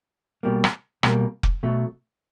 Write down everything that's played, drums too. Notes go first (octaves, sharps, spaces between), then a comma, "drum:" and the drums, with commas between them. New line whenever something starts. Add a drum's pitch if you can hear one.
B1 B2 G3 A#3
drum: rim click
B1 B2 G3 A#3, drum: rim click
drum: kick F1
B1 B2 F#3 A3